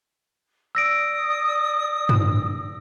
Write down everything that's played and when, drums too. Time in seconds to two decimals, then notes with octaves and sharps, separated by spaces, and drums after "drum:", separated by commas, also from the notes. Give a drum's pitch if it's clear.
0.75 D5 D#6 E6 A#6 D7
2.09 drum: tom G2